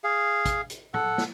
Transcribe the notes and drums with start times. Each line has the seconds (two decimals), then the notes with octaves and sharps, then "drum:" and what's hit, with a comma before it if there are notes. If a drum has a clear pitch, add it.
0.04 G#4 F5
0.45 drum: kick, hi-hat
0.70 drum: hi-hat
0.94 A4 F#5, drum: tom
1.18 drum: snare